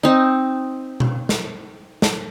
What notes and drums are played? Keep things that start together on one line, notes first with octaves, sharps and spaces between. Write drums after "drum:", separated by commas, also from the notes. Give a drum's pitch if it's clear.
C4 D#4
drum: tom B2
drum: snare
drum: snare